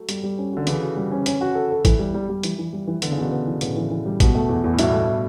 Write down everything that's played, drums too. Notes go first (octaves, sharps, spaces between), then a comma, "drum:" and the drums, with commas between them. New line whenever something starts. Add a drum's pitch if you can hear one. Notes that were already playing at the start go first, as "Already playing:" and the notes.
Already playing: F#3 A3
G3, drum: hi-hat
G3
C#4
D3 F#4
C#3 E3 A4, drum: hi-hat
F#4
G3
C#4
C#4, drum: hi-hat
F#4
A4
A4
E3, drum: kick A1, hi-hat
G3
G3
G3
E3, drum: hi-hat
E3
G3
E3
D3 B3, drum: hi-hat
C#3
B2 D3 E3
B3
E3
A2 C#3 B3, drum: hi-hat
E3
E3
G3
B2, drum: kick A1, hi-hat
A3
E2
E2
A2
G2 B2 E4, drum: hi-hat
A3